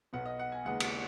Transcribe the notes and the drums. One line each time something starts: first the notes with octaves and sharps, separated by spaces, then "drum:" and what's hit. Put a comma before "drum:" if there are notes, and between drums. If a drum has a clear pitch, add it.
B1 B2 B3 F#5
D#5
F#5
G#5
D#2 C#3 G#3 B3 D#4 F#5
drum: cymbal